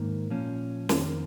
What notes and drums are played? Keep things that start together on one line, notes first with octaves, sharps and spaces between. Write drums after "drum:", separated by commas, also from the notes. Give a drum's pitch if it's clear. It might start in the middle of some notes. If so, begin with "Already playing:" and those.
Already playing: G#2 D#3 A#3
A#2 F3 C#4
F2 D#3 A#3, drum: snare